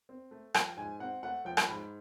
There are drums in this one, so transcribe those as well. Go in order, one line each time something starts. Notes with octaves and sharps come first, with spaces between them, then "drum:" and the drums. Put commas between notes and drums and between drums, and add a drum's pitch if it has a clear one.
C4
A3
F3 G5, drum: rim click
G#2 G#5
C4 F#5
A3 F#5
F3 G5
drum: rim click
G#2 B5